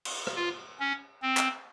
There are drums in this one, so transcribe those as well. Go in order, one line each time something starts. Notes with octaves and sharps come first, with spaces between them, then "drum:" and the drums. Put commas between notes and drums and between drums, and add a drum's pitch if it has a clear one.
drum: cymbal
drum: rim click
F4
C#4
C4
drum: clap